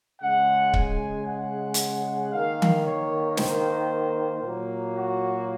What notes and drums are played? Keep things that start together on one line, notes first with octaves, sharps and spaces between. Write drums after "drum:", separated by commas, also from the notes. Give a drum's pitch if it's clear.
C#3 G#3 F#5
G#5, drum: kick C#1
F#5
drum: hi-hat
D#3 A#3 F5
drum: tom D#3
C#5
C5, drum: snare
A#2 F#3 A#3
F#4